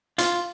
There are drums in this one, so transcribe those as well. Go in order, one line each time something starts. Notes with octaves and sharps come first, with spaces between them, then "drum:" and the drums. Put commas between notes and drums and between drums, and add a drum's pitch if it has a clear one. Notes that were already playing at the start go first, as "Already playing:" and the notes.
F4, drum: hi-hat